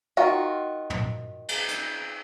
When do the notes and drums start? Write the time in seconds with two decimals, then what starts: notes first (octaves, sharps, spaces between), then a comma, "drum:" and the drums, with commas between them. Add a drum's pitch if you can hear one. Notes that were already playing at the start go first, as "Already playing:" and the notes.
0.17 D#3 F4 F#4
0.90 drum: tom
1.48 drum: cymbal
1.68 drum: hi-hat